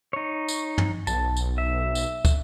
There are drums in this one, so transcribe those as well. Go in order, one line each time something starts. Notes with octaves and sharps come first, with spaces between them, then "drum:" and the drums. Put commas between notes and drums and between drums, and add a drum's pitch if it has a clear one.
D#4 C#5
drum: tambourine
drum: tom
B1 A5, drum: tambourine
drum: tambourine
E5
drum: tambourine
drum: kick, tambourine